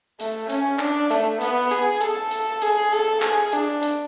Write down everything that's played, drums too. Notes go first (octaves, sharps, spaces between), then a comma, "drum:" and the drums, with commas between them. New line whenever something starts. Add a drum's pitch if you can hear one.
A3, drum: hi-hat
C#4, drum: hi-hat
D4, drum: clap
A3, drum: hi-hat
B3, drum: hi-hat
G#4, drum: hi-hat
A4, drum: hi-hat
drum: hi-hat
G#4, drum: hi-hat
A4, drum: hi-hat
G#4, drum: clap
D4, drum: hi-hat
drum: hi-hat